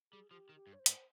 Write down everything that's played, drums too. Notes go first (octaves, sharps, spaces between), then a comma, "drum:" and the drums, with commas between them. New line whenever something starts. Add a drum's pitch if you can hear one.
G3 G#4
F3 G4
D#3
G4
G2
C#5
C5
G#2, drum: hi-hat